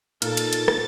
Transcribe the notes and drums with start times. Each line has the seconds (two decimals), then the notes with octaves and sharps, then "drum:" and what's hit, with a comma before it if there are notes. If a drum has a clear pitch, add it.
0.22 A#2 A#3 D#4 A4 A#4 A6, drum: cymbal
0.37 drum: cymbal
0.53 drum: cymbal
0.68 drum: rim click